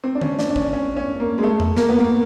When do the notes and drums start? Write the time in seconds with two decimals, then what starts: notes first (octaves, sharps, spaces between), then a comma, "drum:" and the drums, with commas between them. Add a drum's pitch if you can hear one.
0.04 C4
0.15 D4
0.21 C#4, drum: tom D3
0.39 D4, drum: snare
0.50 D4
0.56 C#4, drum: kick
0.73 C#4
0.96 C#4
1.20 A#3
1.38 G#3
1.43 A3
1.60 drum: tom E2
1.77 A#3, drum: snare
1.89 B3
2.00 A#3